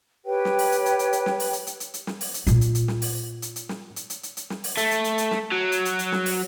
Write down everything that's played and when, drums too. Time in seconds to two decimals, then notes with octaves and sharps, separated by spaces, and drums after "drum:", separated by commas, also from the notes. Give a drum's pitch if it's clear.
0.25 G4 B4 C#5 G5
0.45 drum: snare
0.59 drum: open hi-hat
0.72 drum: hi-hat
0.86 drum: hi-hat
0.99 drum: hi-hat
1.13 drum: hi-hat
1.26 drum: snare
1.40 drum: open hi-hat
1.53 drum: hi-hat
1.67 drum: hi-hat
1.80 drum: hi-hat
1.94 drum: hi-hat
2.07 drum: snare
2.21 drum: open hi-hat
2.34 drum: hi-hat
2.47 A#2 F4, drum: hi-hat
2.61 drum: hi-hat
2.75 drum: hi-hat
2.88 drum: snare
3.02 drum: open hi-hat
3.42 drum: hi-hat
3.56 drum: hi-hat
3.69 drum: snare
3.96 drum: hi-hat
4.10 drum: hi-hat
4.23 drum: hi-hat
4.37 drum: hi-hat
4.50 drum: snare
4.64 drum: open hi-hat
4.77 A3, drum: hi-hat
4.91 drum: hi-hat
5.04 drum: hi-hat
5.18 drum: hi-hat
5.31 drum: snare
5.52 F#3
5.72 drum: hi-hat
5.85 drum: hi-hat
5.99 drum: hi-hat
6.12 drum: snare
6.26 drum: open hi-hat